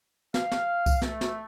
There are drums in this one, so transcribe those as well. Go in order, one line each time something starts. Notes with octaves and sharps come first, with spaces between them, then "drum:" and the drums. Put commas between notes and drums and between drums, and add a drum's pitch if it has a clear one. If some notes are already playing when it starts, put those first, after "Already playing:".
F5, drum: snare
drum: snare
drum: kick C2, tambourine
A3, drum: snare
drum: snare